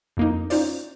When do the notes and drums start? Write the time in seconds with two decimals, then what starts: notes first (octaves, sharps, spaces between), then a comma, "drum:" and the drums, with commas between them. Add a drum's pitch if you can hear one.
0.17 F2 A#3 D#4
0.50 C#4 D#4 F4 C5 D5, drum: open hi-hat